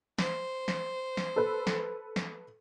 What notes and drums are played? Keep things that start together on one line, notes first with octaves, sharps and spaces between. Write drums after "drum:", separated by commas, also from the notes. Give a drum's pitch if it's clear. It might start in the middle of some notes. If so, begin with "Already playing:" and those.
C5, drum: snare
drum: snare
drum: snare
A4 B4
drum: snare
drum: snare